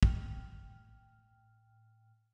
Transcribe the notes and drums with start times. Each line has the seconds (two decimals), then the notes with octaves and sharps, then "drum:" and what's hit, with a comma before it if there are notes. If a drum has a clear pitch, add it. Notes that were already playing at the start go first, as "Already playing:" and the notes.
0.03 A2 G5 F6, drum: kick